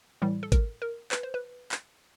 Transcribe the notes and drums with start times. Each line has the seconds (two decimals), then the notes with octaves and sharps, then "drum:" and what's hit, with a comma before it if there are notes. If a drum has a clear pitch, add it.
0.22 A2 E3 G3
0.43 A4
0.52 A#4, drum: kick G#1, hi-hat
0.82 A#4
1.11 B4, drum: clap
1.23 C5
1.34 B4
1.72 drum: clap